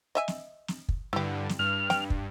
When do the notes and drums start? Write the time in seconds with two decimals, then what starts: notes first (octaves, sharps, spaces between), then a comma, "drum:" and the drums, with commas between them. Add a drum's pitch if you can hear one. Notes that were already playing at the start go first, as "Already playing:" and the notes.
0.15 D#5 E5 G#5
0.28 drum: snare
0.68 drum: snare
0.89 drum: kick
1.13 G2 D3 E4 G4
1.49 drum: snare
1.59 G2 F6
1.90 G5, drum: snare
2.10 drum: kick